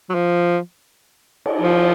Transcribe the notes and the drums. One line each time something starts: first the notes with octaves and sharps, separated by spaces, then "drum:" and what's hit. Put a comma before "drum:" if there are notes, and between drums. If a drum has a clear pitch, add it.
F#3
F3
drum: cymbal
F3